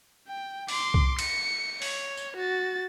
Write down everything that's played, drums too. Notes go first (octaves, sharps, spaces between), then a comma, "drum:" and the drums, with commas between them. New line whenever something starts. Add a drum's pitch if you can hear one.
G5
C6 D6, drum: open hi-hat
drum: kick C2
C#7, drum: cymbal
C#5, drum: open hi-hat
drum: tambourine
F#4 A6